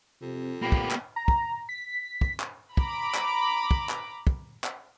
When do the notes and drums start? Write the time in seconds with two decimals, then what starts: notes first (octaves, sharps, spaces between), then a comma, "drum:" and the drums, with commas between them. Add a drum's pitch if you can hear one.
0.22 F2 C3
0.62 A#2 A#3 B3 G4 B5
0.72 drum: kick
0.91 drum: clap
1.16 A#5
1.28 drum: kick
1.69 B6
2.21 drum: kick
2.40 drum: clap
2.77 A#5 B5 D6, drum: kick
3.15 drum: clap
3.71 drum: kick
3.89 drum: clap
4.27 drum: kick
4.64 drum: clap